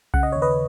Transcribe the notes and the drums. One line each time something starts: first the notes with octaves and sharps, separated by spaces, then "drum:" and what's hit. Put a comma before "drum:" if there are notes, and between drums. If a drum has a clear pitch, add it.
C#3 F#5, drum: kick B1
D#5
D#2 C#5
B4 D#5